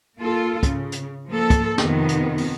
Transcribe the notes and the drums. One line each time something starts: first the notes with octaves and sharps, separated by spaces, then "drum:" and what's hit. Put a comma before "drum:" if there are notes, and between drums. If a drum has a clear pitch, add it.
A#3 F4 A4
C#3, drum: kick, hi-hat
drum: hi-hat
F3 A#3 A4
drum: kick, hi-hat
F2 C3 D#3 B3, drum: snare
drum: hi-hat
drum: open hi-hat